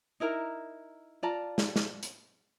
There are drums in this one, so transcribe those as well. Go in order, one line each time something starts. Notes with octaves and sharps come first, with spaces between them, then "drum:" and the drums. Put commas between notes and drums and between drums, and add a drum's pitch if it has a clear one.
D#4 E4 A#4 A#5
F4 D5 A5 A#5
drum: snare
drum: snare
drum: hi-hat